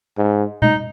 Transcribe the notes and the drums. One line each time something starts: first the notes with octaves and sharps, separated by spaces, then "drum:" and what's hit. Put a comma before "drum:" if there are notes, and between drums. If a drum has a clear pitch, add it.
G#2
D#4, drum: tom B2